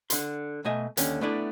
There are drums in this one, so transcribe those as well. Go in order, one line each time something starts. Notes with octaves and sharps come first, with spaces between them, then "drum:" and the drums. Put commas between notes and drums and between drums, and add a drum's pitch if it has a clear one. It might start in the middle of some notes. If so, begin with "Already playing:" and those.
D3 C6, drum: hi-hat
B2 A3 D#5 G#5
D#2 D3 C#4, drum: hi-hat
A3 B3 D4 E4 D5